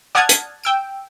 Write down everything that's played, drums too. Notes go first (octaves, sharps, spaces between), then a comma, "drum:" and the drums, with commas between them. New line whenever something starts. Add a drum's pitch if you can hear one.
D5 F#5 A5 D#6 F6 G#6
drum: hi-hat
G5 E6 D7